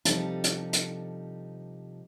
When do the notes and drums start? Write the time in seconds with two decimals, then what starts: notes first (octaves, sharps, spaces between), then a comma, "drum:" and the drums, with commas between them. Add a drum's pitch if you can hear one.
0.05 C3 F3 G3 D4 D#4 A4, drum: hi-hat
0.44 drum: hi-hat
0.73 drum: hi-hat